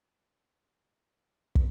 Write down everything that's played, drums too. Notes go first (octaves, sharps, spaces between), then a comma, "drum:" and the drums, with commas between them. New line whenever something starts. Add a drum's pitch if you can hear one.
A2
F#1
A#2
A2
drum: kick